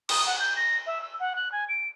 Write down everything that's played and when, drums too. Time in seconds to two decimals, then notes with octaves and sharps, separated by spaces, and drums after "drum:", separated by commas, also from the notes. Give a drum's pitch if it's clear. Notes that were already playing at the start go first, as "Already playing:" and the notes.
0.09 D#6, drum: cymbal
0.26 F#5
0.39 G6
0.56 A#6
0.86 E5
1.01 E6
1.19 F#5
1.35 F#6
1.52 G#5
1.68 D7